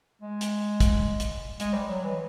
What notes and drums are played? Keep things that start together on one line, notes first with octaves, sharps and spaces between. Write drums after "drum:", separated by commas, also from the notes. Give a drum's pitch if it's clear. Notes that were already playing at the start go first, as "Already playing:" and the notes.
G#3
drum: hi-hat
drum: kick, hi-hat
drum: hi-hat
G#3, drum: hi-hat
G3
F#3
E3